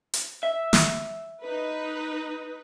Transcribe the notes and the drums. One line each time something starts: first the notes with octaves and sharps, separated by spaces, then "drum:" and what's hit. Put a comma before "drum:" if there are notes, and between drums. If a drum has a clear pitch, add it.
drum: hi-hat
E5
drum: snare
D#4 B4